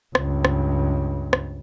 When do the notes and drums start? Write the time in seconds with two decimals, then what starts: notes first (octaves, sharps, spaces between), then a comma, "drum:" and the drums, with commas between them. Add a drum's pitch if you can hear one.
0.15 C#2 G2, drum: rim click
0.45 drum: rim click
1.33 drum: rim click